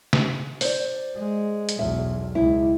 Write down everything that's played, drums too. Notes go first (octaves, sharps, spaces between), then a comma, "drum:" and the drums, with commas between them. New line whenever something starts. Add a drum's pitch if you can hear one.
drum: snare
C5 D5, drum: open hi-hat
G#3
drum: hi-hat
B1 E2 E5
C#2 E4